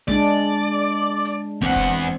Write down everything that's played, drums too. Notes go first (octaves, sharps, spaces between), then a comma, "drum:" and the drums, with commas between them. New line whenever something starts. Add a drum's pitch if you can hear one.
G#3 D4 D5, drum: snare
drum: hi-hat
E2 C4 F#5, drum: snare
drum: kick